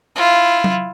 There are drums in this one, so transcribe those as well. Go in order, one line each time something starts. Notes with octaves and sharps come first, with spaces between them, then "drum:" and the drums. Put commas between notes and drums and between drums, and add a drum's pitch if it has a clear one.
E4 F4
drum: tom F#3